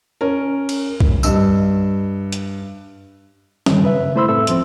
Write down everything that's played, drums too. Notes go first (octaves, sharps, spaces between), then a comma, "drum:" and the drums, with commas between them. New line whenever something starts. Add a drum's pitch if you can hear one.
C#4 A#4
drum: cymbal
drum: kick B1
G2 D#5 E6, drum: tambourine
drum: hi-hat
G2 D3 D#3 G3, drum: snare C#4
F#2 C#3 B4 E5
A3 E4 C5 B5 C6 E6
A2 C4 A4 E5 E6
C#2 F3 C4, drum: hi-hat